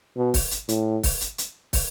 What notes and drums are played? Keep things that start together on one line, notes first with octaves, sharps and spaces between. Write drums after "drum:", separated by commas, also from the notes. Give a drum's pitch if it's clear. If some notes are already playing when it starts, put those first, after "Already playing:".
B2
drum: kick, open hi-hat
drum: hi-hat
A2, drum: hi-hat
drum: kick, open hi-hat
drum: hi-hat
drum: hi-hat
drum: kick, open hi-hat